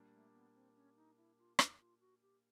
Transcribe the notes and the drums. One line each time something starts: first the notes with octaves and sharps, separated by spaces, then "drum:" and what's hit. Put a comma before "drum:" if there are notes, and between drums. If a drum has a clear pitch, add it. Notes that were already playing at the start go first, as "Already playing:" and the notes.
Already playing: A#2 G3 A#3 D4
A3
B3
C4
C#4
D#4
E4
F4
D#4, drum: rim click
F4
F#4
G4